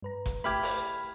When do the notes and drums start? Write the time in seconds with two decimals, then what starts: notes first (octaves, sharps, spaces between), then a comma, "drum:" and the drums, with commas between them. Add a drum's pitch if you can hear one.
0.02 G2 B4 A#5
0.26 drum: kick G1, hi-hat
0.44 A3 E4 G4 B5 F6 G#6, drum: hi-hat
0.63 drum: open hi-hat